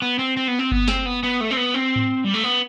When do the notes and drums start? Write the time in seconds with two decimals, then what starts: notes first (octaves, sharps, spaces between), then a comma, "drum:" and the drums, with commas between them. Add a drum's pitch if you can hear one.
0.02 B3
0.19 C4
0.37 C4
0.48 B3
0.59 C4
0.71 B3, drum: kick G1
0.88 C4, drum: snare
1.06 B3
1.23 B3
1.41 A3
1.51 C4
1.57 B3
1.74 C4
1.96 drum: tom G#2
2.24 G3
2.34 A3
2.44 B3